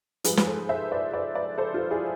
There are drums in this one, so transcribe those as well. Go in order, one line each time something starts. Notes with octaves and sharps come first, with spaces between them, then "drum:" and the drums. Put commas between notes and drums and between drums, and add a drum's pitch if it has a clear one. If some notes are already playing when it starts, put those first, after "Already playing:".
G#2 F3 G#4 B4, drum: hi-hat
B4, drum: snare
A4 C5
C5 E5
B4 D5
B4 D5
B4 D5
A4 C5
F4 A4
E4 G#4